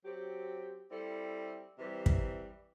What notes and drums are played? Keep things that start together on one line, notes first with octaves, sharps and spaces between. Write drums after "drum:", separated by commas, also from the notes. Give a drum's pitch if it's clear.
F#3 C4 G4
G3 C4 E4 A4
C3 E3 G3
drum: kick